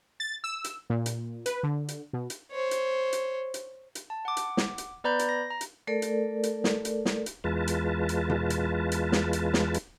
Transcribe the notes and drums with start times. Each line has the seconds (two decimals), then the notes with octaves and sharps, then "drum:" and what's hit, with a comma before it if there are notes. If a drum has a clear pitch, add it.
0.20 A6
0.44 E6
0.64 drum: hi-hat
0.90 A#2
1.06 drum: hi-hat
1.46 B4, drum: hi-hat
1.63 D3
1.88 drum: hi-hat
2.13 B2
2.30 drum: hi-hat
2.52 C5 C#5
2.71 drum: hi-hat
3.13 drum: hi-hat
3.54 drum: hi-hat
3.95 drum: hi-hat
4.10 A5
4.25 F#5 D6
4.37 drum: hi-hat
4.57 drum: snare
4.78 drum: hi-hat
5.04 B3 B4 D5 A#5 B5 G6
5.19 drum: hi-hat
5.29 A#6
5.51 A#5
5.61 drum: hi-hat
5.87 A3 A4 A#4 D5
6.02 drum: hi-hat
6.43 drum: hi-hat
6.64 drum: snare
6.85 drum: hi-hat
7.05 drum: snare
7.26 drum: hi-hat
7.44 E2 G#3 F4 B4 A5
7.68 drum: hi-hat
8.09 drum: hi-hat
8.30 drum: tom B2
8.50 drum: hi-hat
8.92 drum: hi-hat
9.12 drum: snare
9.33 drum: hi-hat
9.54 drum: snare
9.74 drum: hi-hat